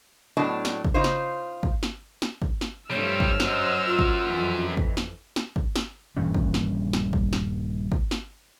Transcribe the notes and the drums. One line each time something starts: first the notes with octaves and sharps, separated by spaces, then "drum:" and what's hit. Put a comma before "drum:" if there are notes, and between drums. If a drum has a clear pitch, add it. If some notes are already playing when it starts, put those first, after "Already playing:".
A2 F#3 B3 D4 D#5 A5
drum: snare
drum: kick
C#3 D#4 F4 C5
drum: snare
drum: kick
drum: snare
drum: snare
drum: kick
drum: snare
G2 F3 G3 A3 C4 C#5 E6 F6
drum: kick
F#2 F#3 C5 D#5, drum: snare
F4
drum: kick
F2 E3
drum: kick
drum: snare
drum: snare
drum: kick
drum: snare
D#1 G2 E3 C#4
drum: kick
drum: snare
drum: snare
drum: kick
drum: snare
drum: kick
drum: snare